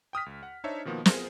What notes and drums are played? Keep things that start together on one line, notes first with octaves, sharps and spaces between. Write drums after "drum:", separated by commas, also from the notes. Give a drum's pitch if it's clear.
G5 D#6 F6 B6
C#2
F#5
D4 D#4 C5 C#5 E5 A5
B2 D#3 F3 A#3 B3
B3 F4 G#4 A#4 C5, drum: snare